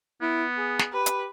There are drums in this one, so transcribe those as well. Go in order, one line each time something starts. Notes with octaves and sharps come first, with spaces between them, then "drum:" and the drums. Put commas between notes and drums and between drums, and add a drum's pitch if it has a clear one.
B3 E4
G#4
drum: snare
G4 B4
drum: hi-hat